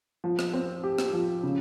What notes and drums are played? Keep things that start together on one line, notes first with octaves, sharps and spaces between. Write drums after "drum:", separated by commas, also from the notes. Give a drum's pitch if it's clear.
F3
drum: rim click
C4
G4
drum: rim click
F3
C#3